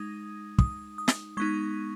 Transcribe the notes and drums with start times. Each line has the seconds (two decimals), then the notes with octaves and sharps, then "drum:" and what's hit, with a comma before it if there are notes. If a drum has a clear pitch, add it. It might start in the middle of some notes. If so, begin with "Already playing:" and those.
Already playing: G#3 D#4 D#6
0.58 D#6, drum: kick
0.98 D#6
1.08 drum: snare
1.37 G#3 B3 D#4 C#6